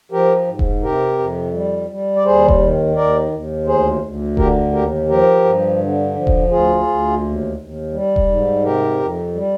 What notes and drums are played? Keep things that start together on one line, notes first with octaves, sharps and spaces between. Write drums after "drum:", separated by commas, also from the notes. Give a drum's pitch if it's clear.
F3 G4 A#4
G#2
drum: kick E1
C3 G4 A#4
F2
G3
G3
D5
D#2 G#4 C5
drum: kick E1
D#3
D#2 A#4 D5
D#2
D2 G#4 C5
D2
D3 G4 A#4, drum: kick E1
D#2 G4 A#4
F3 G4 A#4
G2
D3
F3
drum: kick E1
D2 F4 G#4
D2
D#2
D#2
G3
drum: kick E1
G#2
C3 G4 A#4
F2
G3